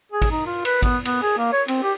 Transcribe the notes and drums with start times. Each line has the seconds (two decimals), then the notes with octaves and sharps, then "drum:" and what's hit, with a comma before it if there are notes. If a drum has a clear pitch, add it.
0.12 G#4
0.22 drum: kick G#1, cymbal
0.31 D#4
0.46 F4
0.65 B4, drum: cymbal
0.82 B3, drum: kick G#1, cymbal
1.05 B3, drum: cymbal
1.22 G#4
1.38 A#3
1.52 C#5
1.68 C4, drum: cymbal
1.83 G4